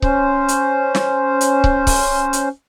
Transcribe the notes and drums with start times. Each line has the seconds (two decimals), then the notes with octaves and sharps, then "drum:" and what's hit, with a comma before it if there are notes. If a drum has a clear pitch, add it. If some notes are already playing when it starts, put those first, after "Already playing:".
0.02 C#4 C5, drum: kick C#1
0.48 drum: hi-hat
0.95 drum: snare
1.41 drum: hi-hat
1.64 drum: kick C#1
1.87 drum: kick C#1, open hi-hat
2.33 drum: hi-hat